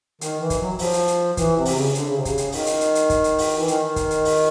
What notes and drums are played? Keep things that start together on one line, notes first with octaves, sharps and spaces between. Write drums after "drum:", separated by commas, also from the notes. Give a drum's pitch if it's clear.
D#3, drum: hi-hat
E3
drum: kick, hi-hat
F#3
F#3
F3, drum: open hi-hat
drum: hi-hat
drum: hi-hat
E3, drum: kick, hi-hat
C3
drum: open hi-hat
C#3
D3, drum: hi-hat
C#3
C3
C#3, drum: kick, hi-hat
drum: hi-hat
D#3, drum: open hi-hat
drum: hi-hat
drum: hi-hat
drum: hi-hat
drum: kick, hi-hat
drum: hi-hat
drum: open hi-hat
E3
D#3, drum: hi-hat
drum: kick, hi-hat
drum: hi-hat
drum: open hi-hat